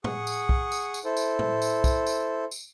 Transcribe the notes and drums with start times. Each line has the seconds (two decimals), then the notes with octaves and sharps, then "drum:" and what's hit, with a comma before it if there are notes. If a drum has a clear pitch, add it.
0.04 G#4 F#5 C#6 D#6, drum: tom
0.27 drum: tambourine
0.49 drum: kick B1
0.72 drum: tambourine
0.94 drum: tambourine
1.05 E4 A4 C5
1.17 drum: tambourine
1.39 drum: tom
1.62 drum: tambourine
1.84 drum: kick B1, tambourine
2.06 drum: tambourine
2.51 drum: tambourine